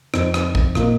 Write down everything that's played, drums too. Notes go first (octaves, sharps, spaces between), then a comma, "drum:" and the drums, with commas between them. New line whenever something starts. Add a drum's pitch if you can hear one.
F2 F3 C4 D#4, drum: rim click
drum: rim click
drum: kick A1
A#2 A#3 D#4 F4, drum: rim click